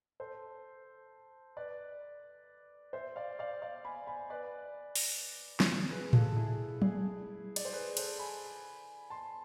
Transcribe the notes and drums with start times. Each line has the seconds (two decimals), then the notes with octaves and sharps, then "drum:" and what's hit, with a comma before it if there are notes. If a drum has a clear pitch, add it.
0.20 A4 C5
1.57 B4 D5
2.93 C5 E5
3.16 D5 F5
3.39 D5 F5
3.62 D5 F5
3.85 G#5 B5
4.07 G#5 B5
4.30 B4 D5
4.96 drum: open hi-hat
5.60 drum: snare
5.90 G#4 B4
6.13 F4 A4, drum: tom A2
6.36 E4 G#4
6.82 E4 G#4, drum: tom F#3
7.56 D5, drum: cymbal
7.65 C5
7.73 G#4 B4
7.97 A4 C5, drum: cymbal
8.19 G#5 B5
9.10 A5 C6